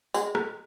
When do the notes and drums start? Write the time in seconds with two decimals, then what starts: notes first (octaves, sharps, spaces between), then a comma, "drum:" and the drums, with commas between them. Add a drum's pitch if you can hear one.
0.14 G#3, drum: tambourine
0.35 drum: rim click